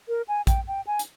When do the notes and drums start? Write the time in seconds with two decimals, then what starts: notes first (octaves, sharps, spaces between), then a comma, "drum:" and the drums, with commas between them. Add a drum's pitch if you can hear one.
0.08 A#4
0.28 G#5
0.47 G5, drum: kick, hi-hat
0.68 G5
0.87 G#5
0.99 drum: hi-hat